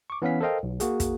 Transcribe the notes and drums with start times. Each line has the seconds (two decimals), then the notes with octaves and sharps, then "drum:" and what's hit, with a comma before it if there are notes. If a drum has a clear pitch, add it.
0.10 C#6 D6
0.22 E3 B3 C#4 F5 B6
0.41 A4 A#4 C5 D#5 F5 G5
0.63 B1
0.80 A#3 F#4 G#4, drum: hi-hat
1.00 drum: kick, hi-hat